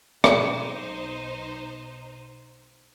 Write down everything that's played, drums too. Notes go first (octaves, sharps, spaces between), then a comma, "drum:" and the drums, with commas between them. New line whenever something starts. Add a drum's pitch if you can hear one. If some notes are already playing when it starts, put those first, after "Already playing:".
B1 D#4 C5, drum: rim click